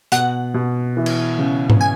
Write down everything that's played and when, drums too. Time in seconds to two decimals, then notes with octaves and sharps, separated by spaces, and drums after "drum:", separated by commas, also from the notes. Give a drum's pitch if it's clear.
0.12 B2 F#5, drum: hi-hat
0.54 B2
0.97 E3
1.06 drum: cymbal
1.39 C#3
1.70 drum: tom G#2
1.81 G#5